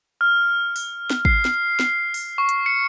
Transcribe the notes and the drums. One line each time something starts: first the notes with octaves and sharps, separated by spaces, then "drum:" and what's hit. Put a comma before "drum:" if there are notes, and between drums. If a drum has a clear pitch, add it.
F6
drum: open hi-hat
drum: snare
C7, drum: kick
drum: snare
drum: snare
drum: open hi-hat
C#6
drum: hi-hat
C#7